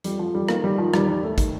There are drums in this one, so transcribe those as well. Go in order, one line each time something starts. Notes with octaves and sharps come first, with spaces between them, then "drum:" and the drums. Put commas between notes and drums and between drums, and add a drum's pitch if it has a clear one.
F2 G3, drum: hi-hat
F2 F3
F2 G3
D#3 A#3, drum: rim click
D#3 G3
D#3 F3
D#2 G3, drum: rim click
D#3 G3
D#2 A3
D#3, drum: kick, hi-hat